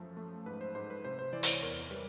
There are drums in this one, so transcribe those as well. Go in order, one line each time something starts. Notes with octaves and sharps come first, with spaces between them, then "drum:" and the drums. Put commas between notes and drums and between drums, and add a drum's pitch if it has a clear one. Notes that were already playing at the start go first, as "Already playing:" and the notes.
Already playing: F#2 F3 A3
A3
G#2 B4
C5
G#2 C5
B4
C3 C5
C5
E3 D5
C5, drum: hi-hat
C#5
E2 A#4
G3 B4